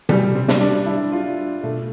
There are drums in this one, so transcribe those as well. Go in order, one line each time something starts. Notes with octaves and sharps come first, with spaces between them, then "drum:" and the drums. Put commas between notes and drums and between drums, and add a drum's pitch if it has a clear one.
C3 G3, drum: tom B2
C4
G3, drum: snare
D4
D4 E4
F4
D4
B2 A3